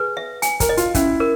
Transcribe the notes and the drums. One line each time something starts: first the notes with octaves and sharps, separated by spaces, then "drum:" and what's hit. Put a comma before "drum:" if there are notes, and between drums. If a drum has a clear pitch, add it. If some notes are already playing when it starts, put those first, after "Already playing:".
Already playing: G#4 B4
E5
G#5, drum: hi-hat
A#4, drum: kick, hi-hat
D#5
F4, drum: hi-hat
C#4 E4, drum: kick, hi-hat
A#4